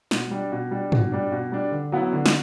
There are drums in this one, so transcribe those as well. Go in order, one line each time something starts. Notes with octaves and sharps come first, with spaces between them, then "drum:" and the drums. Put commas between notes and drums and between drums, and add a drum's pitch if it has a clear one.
B2, drum: snare
G3 D4
B2
G3 D4
B2, drum: tom
G3 D4
B2
G3 D4
D3
F#3 B3 E4
D3
drum: snare